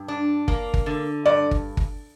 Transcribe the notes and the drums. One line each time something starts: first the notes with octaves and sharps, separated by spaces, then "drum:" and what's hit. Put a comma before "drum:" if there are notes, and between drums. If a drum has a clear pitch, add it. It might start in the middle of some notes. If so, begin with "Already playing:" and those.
Already playing: G2
D4
A#3, drum: kick G1
drum: kick G1
D3
G2 D5
drum: kick G1
drum: kick G1